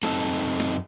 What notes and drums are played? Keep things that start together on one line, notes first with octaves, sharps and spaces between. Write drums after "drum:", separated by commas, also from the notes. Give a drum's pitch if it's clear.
F#2 C4 D#4 A4, drum: snare
drum: snare